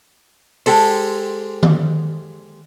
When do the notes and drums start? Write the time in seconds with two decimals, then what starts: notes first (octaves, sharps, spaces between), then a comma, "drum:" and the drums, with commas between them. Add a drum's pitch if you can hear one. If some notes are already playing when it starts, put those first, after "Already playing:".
0.66 G#3 G4 A4 C5, drum: open hi-hat
1.63 drum: tom D#3